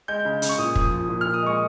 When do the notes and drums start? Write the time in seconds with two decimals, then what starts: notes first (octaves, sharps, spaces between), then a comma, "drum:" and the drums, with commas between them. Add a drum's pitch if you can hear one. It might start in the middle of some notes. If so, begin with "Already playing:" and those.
0.08 G#3 G6
0.25 C#3
0.42 C#3, drum: hi-hat
0.49 C#6
0.58 A#2 D#6
0.75 F3, drum: kick
0.92 F3
1.09 A#2
1.21 A#2 F6
1.34 D#6
1.43 G#3 C#6